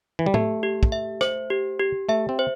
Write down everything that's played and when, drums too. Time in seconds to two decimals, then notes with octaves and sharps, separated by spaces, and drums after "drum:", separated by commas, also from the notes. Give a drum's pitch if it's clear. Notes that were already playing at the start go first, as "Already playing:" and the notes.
0.19 E3
0.26 G3
0.34 A3 G4, drum: tom A2
0.63 G4
0.83 drum: kick
0.92 E5
1.21 C5, drum: rim click
1.50 G4
1.80 G4
2.09 A3 E5
2.29 C4
2.39 C5